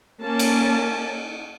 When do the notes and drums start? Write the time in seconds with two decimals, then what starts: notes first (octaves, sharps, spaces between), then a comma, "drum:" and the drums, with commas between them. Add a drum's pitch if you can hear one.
0.22 A#3 C#4 A5
0.39 drum: cymbal